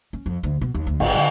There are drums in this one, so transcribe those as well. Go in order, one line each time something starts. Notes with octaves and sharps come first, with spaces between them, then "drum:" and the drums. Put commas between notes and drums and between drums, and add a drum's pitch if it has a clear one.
C#4
F2
D2
B2
D#2
D2
G#1, drum: cymbal
D3